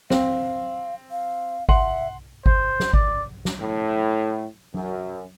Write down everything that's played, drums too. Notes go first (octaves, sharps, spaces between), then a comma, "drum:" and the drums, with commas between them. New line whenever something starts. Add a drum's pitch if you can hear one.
C4 F5, drum: snare
F5
E5 F#5 C6 F#7, drum: kick G#1
C5, drum: kick G#1
drum: snare
D5, drum: kick G#1
drum: snare
A2
F#2, drum: tom F#3